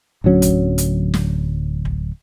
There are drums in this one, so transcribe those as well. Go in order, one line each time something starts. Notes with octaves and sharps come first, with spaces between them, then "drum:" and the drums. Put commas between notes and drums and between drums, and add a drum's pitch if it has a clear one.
D1 D3 F#3 C#4
drum: kick, hi-hat
drum: hi-hat
drum: snare
drum: kick